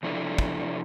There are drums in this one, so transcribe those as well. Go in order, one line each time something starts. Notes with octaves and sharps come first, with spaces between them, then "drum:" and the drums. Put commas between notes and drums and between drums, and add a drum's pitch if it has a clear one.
C3 F3 D4 E4 A4
drum: kick